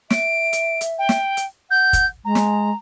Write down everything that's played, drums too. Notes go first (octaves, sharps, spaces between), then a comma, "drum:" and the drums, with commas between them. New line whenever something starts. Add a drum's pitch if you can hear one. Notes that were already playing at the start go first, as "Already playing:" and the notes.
E5 D7, drum: snare
drum: hi-hat
drum: hi-hat
G5
drum: snare
drum: hi-hat
F#5 G6
drum: kick, hi-hat
G#3 A#5
drum: snare